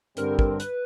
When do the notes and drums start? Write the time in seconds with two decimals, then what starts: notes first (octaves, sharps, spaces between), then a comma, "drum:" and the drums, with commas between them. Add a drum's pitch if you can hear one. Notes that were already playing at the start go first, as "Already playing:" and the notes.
0.17 G2 D3 G3 C4 A#4, drum: hi-hat
0.39 A#4, drum: kick
0.60 B4, drum: hi-hat